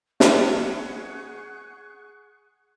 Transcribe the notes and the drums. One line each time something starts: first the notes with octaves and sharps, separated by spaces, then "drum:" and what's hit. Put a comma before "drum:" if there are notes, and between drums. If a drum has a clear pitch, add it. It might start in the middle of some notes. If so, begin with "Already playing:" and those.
G#4 F#5 C#6 F#6, drum: snare